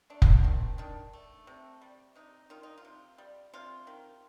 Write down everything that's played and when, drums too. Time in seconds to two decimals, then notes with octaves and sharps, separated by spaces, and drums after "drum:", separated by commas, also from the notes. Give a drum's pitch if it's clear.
0.10 A3 D4
0.22 D#4, drum: kick F1
0.32 D4
0.44 D#3 C4
0.78 D#3 D4
1.13 A3
1.47 C3
1.82 G3
2.15 C3 D#4
2.50 D#3 F4
2.63 D#4
2.78 F4
2.85 C3
3.18 G3
3.54 C3 F4
3.87 D#3